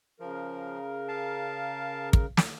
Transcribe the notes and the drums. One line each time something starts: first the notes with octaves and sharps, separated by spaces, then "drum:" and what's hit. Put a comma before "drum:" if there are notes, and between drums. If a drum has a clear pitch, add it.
C#3 F3 A#4
F5 A5
drum: kick
drum: snare